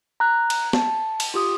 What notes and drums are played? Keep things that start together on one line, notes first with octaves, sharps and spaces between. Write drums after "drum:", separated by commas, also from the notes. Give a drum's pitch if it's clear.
A#5 F#6
drum: cymbal
A5, drum: snare
drum: cymbal
F4 G4 D#6